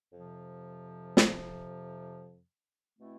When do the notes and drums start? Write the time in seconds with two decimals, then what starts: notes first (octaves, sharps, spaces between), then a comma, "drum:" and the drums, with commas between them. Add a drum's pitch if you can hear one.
0.12 F2 C3 F3
1.17 drum: snare
2.98 B2 A3 C4 E4